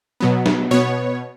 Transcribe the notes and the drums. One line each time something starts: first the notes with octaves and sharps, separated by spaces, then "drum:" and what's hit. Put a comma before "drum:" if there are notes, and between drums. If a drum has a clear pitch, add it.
B2 F#3 B3
drum: snare
B2 B3 C#5